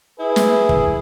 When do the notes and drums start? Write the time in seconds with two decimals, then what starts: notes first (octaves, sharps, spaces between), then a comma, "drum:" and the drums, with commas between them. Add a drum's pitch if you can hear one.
0.19 E4 G#4 B4
0.36 drum: snare
0.69 drum: kick